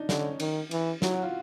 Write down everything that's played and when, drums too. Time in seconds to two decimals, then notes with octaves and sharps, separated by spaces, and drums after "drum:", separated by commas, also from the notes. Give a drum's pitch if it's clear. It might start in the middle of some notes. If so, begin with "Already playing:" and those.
Already playing: D4 D#4
0.09 D3 C#4, drum: snare
0.40 D#3, drum: cymbal
0.71 E3, drum: cymbal
1.02 F#3 E4, drum: snare
1.13 F#4
1.23 F4